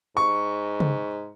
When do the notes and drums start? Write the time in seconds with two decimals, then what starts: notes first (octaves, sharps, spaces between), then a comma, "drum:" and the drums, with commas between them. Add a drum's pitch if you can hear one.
0.17 G#2 C#6
0.80 drum: tom